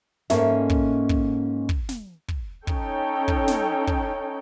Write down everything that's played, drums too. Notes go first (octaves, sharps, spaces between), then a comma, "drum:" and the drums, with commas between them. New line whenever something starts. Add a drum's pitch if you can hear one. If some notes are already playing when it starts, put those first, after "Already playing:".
G#2 G#3 A#3 C#4 A4 E5, drum: snare
drum: kick
drum: kick
drum: kick
drum: snare
drum: kick
C#4 D#4 A4 C#5 G5, drum: kick
drum: kick
drum: snare
drum: kick